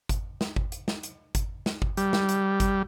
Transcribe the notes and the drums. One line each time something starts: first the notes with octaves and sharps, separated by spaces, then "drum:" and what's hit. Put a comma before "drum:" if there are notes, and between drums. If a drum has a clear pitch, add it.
drum: kick G1, hi-hat
drum: snare
drum: kick G1
drum: hi-hat
drum: snare
drum: hi-hat
drum: kick G1, hi-hat
drum: snare
drum: kick G1
G3, drum: hi-hat
drum: snare
drum: hi-hat
drum: kick G1, hi-hat